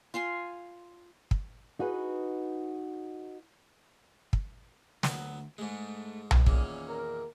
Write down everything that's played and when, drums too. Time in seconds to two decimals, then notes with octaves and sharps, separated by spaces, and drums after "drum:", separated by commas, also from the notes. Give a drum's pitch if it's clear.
0.14 F4 F5 G#5 C6
1.31 drum: kick
1.79 D#4 F#4 G#4 B4
4.33 drum: kick
5.03 D2 F#3 B3, drum: snare
5.58 G#2 G#3 A3
6.31 drum: tom B1
6.46 E2 A#2 D#3 C#4, drum: kick
6.88 A#4